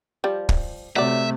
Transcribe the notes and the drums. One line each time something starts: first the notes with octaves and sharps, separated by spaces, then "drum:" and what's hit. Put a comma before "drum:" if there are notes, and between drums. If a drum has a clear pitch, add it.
F3 G3
drum: kick
C3 F#3 A3 D5 E5